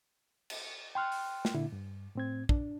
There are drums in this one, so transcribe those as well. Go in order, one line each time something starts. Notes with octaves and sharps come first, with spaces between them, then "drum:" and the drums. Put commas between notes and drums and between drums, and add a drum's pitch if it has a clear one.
drum: cymbal
G5 C6 F6 F#6
drum: open hi-hat
drum: snare
A#2 D3 E4
G2
A2 C4 G#6
D4, drum: kick